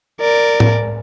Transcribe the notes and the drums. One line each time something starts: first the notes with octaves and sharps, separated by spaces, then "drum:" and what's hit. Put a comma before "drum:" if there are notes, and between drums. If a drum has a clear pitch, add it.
A#4 D5
drum: tom A2